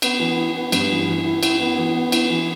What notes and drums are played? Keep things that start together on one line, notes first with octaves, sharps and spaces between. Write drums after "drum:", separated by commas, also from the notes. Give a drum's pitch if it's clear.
B3, drum: cymbal
E3
E4
B3
G2, drum: cymbal
E3
E3
E4
E4, drum: cymbal
B3
E3
B3
E4, drum: cymbal
E3